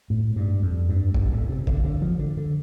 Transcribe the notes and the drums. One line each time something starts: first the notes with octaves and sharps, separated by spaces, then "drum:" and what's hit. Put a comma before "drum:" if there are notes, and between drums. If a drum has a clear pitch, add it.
A2
G2
F2
G2
G2, drum: kick G#1
A2
C3
D3, drum: kick G#1
D3
F3
D3
D3